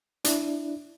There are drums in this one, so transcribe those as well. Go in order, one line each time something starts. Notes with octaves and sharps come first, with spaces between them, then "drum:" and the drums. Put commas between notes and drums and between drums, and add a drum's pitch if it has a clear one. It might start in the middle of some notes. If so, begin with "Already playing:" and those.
D4 E4, drum: hi-hat